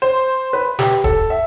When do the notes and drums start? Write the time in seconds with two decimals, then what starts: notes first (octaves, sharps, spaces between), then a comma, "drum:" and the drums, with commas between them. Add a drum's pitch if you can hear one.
0.02 C5
0.53 B4
0.79 G4, drum: snare
1.04 A4, drum: kick D#1
1.30 E5